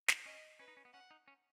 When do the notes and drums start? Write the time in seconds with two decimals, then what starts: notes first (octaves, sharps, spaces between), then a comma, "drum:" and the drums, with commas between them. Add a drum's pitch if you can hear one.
0.08 D#4, drum: snare
0.26 C#4 D#5
0.59 C#4 B4
0.68 D#4
0.77 C#4
0.85 B3
0.93 C#4 F#5
1.11 D#4
1.28 C#4